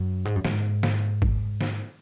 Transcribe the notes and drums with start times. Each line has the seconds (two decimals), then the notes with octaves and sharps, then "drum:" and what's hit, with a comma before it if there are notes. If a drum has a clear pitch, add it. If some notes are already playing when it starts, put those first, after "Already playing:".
Already playing: F#2
0.25 G#2
0.36 F#2
0.45 G#2, drum: snare
0.83 drum: snare
1.22 drum: kick
1.61 drum: snare